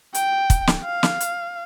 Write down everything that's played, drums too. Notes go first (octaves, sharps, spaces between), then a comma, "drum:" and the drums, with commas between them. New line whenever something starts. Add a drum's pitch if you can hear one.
G5, drum: hi-hat
drum: kick, hi-hat
drum: snare
F5
drum: snare
drum: hi-hat